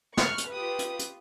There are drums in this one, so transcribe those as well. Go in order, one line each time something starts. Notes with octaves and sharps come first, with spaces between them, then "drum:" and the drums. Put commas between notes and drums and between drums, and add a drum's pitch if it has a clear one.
C#6 F6 F#6, drum: snare
drum: hi-hat
F4 G4 B4 D#6
drum: hi-hat
drum: hi-hat